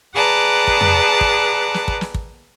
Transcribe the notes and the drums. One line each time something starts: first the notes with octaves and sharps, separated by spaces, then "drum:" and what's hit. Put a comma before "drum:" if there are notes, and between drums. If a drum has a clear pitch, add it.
G#4 B4 D5 F#5 A5 A#5
drum: kick
drum: tom
drum: kick
drum: snare
drum: kick
drum: snare
drum: kick